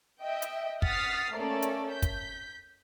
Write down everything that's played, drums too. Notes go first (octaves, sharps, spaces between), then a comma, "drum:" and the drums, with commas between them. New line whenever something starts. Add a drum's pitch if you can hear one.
D#5 E5 G5
drum: hi-hat
F#5 D#6 F6 A6 B6 C7, drum: kick
A3 A#3 C#4 A4 D5
drum: hi-hat
G6 B6
drum: kick, hi-hat